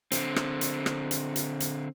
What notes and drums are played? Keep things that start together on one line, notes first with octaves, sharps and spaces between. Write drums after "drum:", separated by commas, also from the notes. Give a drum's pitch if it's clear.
D3 C4, drum: hi-hat
drum: rim click
drum: hi-hat
drum: rim click
drum: hi-hat
drum: hi-hat
drum: hi-hat